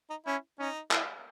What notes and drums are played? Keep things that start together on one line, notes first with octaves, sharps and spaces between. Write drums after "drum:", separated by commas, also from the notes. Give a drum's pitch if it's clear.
D#4
C#4 E4
C#4 D#4
E4, drum: clap